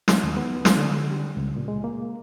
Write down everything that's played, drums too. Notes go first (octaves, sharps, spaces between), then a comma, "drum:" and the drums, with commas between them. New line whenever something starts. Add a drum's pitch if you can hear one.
D#4, drum: snare
D#2
B3
drum: snare
D3
G3
C#2
A#2
G#3
A#3